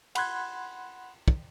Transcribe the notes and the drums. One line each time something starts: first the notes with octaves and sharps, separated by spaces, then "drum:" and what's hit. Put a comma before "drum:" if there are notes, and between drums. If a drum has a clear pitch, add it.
F#5 B5 C6 F#6 G#6, drum: cymbal
drum: kick